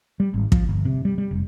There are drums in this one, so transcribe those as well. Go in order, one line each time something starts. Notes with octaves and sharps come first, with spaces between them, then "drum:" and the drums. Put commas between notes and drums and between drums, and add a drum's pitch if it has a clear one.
G3
G#1
F3, drum: kick
G1
C3
G3
G3
F1